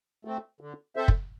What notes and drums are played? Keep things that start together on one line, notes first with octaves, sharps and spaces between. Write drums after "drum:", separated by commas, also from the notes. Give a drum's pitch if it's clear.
A3 C4
D3
C4 A4 C5 E5
drum: kick